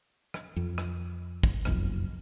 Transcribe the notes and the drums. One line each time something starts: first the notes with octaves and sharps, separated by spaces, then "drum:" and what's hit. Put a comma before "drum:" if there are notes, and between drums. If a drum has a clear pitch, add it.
drum: rim click
F2
drum: rim click
drum: kick
F#1 B1 F2, drum: rim click